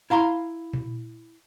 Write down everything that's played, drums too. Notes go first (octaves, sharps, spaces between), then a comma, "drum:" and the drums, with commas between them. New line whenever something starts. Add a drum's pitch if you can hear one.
E4 F5 A#5 C6
drum: tom A#2